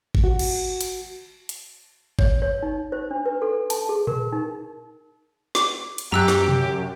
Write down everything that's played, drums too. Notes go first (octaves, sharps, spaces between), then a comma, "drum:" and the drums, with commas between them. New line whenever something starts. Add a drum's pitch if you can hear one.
drum: kick G#1
F#4
drum: cymbal
drum: hi-hat
drum: hi-hat
C#5, drum: kick G#1
C#5
D#4
C5
D4
B4
A4
A5, drum: hi-hat
G#4
A#4, drum: tom A#2
D#4
D6, drum: snare
drum: hi-hat
F#2 G4 A#5 E6 F#6
drum: snare
drum: tom B2